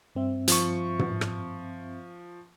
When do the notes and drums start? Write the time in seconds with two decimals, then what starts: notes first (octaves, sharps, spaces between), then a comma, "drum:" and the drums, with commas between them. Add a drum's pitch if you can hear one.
0.15 G2 C4 E5
0.48 F3 C#6, drum: hi-hat
0.99 drum: tom
1.21 drum: rim click